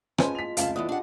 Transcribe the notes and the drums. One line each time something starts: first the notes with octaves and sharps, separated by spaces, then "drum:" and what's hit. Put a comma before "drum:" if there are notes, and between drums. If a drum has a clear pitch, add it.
F3 G#3 C#4 B4 C5 G#5, drum: rim click
B6 F7
F1 C#2 F5 G5 A5, drum: hi-hat
E3 B3 D4 D#6
D4 G4 D#5 F#5